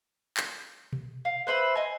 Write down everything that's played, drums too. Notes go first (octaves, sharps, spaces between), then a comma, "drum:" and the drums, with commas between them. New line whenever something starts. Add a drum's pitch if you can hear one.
drum: clap
drum: tom B2
F5
B4 C5 E5 B5
D#5 G#5